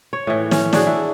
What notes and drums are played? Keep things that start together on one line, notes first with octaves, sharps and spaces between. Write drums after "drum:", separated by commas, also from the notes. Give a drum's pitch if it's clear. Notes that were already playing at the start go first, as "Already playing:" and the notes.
C#5
A2 E3
C#4, drum: snare
D4 F#4 G#4, drum: snare
E4